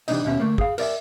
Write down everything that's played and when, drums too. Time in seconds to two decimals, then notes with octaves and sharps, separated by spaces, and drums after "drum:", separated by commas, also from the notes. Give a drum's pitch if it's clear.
0.08 C3 E3 G#3 D4 D#4 D#5, drum: cymbal
0.25 D#2 B2 C#4 E5
0.40 D3 A3 A#3
0.58 G#4 F5, drum: kick
0.78 A#4 D5 E5, drum: cymbal